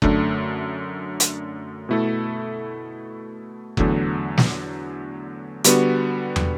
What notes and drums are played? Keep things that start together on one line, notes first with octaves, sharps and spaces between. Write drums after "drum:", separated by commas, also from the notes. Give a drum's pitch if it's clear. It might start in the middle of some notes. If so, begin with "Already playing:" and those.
F#2 D3 A3 D4, drum: kick F#1
drum: hi-hat
B2 A3 E4 A4
E2 D3 F#3 A3, drum: kick F#1
drum: snare
D3 G3 B3 F#4, drum: hi-hat
drum: tom